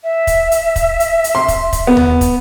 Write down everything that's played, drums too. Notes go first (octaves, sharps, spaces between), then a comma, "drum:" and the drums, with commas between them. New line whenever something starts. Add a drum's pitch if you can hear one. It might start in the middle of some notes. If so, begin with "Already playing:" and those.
E5
drum: kick, hi-hat
drum: hi-hat
drum: kick, hi-hat
drum: hi-hat
drum: hi-hat
C6
drum: kick, hi-hat
drum: kick, hi-hat
B3
drum: tom D#2
drum: kick, hi-hat